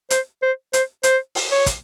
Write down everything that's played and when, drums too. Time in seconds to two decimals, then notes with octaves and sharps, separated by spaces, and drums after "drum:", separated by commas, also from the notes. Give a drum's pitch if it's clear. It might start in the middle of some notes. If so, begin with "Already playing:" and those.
0.10 C5, drum: hi-hat
0.42 C5
0.73 C5, drum: hi-hat
1.03 C5, drum: hi-hat
1.35 drum: open hi-hat
1.51 C#5
1.66 drum: kick, hi-hat